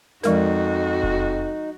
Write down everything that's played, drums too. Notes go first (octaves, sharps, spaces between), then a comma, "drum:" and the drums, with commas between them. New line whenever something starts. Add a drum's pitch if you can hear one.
F2 F3 G#3 D#4 F#4 A#4, drum: snare
drum: kick E1